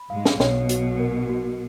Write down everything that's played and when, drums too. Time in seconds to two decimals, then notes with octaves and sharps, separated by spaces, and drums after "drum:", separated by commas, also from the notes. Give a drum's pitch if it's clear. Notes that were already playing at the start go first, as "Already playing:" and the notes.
Already playing: B5
0.10 G#2 G#3 F5
0.25 drum: snare
0.40 B1 B2 C#5, drum: snare
0.69 F#4, drum: hi-hat
0.99 A#4
1.29 F#4